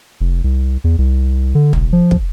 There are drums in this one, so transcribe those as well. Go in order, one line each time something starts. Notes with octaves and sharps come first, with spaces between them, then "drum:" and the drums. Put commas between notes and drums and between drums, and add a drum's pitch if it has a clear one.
F1
C2
E2
C2
D3
E1, drum: tom
F3
drum: kick